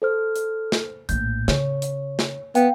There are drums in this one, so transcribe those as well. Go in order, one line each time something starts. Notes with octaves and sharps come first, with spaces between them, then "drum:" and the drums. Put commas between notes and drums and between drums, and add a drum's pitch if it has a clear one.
A4 C5 F6
drum: hi-hat
drum: snare
A#1 A2 G6, drum: hi-hat
C#3 C#5, drum: snare
drum: hi-hat
drum: snare
B3 F5 G5, drum: hi-hat